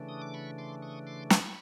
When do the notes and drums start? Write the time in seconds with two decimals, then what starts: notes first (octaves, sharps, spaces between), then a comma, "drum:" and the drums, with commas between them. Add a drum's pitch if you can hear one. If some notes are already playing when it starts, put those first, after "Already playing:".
Already playing: C#3 E3 A3 D4
0.09 D#6
0.22 D6
0.34 B5 C#6
0.58 C6 D6
0.82 C#6 D#6
1.07 C6 D6
1.30 B5 C#6, drum: snare